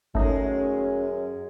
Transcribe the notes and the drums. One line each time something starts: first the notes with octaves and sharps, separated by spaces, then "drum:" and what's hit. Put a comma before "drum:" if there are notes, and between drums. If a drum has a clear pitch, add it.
F#2 D#3 G#3 A3 C#4 D#4, drum: kick G1